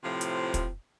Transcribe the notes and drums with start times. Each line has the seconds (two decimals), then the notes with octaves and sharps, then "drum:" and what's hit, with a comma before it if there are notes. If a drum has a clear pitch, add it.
0.04 A2 C3 F3
0.21 drum: hi-hat
0.54 drum: kick, hi-hat